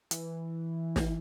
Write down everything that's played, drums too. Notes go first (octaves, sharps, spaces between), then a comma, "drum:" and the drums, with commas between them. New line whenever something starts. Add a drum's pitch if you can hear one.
E3, drum: hi-hat
drum: snare